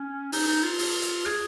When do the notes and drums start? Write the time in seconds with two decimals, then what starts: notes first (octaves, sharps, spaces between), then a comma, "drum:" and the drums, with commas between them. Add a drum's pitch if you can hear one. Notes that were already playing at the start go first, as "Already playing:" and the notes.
Already playing: C#4
0.32 D#4, drum: open hi-hat
0.48 D#4
0.63 F4
0.79 drum: open hi-hat
1.02 drum: hi-hat
1.26 G#4, drum: rim click